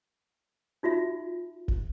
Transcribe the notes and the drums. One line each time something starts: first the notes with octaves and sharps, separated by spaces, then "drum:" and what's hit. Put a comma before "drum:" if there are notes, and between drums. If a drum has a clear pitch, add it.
D#4 F4 F#4 E5
drum: kick F#1